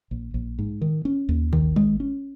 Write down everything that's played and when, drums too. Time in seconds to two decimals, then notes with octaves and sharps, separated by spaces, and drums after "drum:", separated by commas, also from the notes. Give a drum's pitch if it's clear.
0.11 A#1
0.34 A#1
0.59 G#2
0.81 D#3
1.05 C#4
1.29 D#2
1.53 D#3, drum: kick
1.76 G#3, drum: kick
2.00 C#4